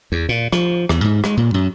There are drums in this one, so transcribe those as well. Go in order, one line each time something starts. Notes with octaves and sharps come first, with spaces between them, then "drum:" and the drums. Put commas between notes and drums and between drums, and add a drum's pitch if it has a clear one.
E2
A#2
F3, drum: rim click
E2, drum: rim click
G#2
G#3, drum: rim click
A#2
F#2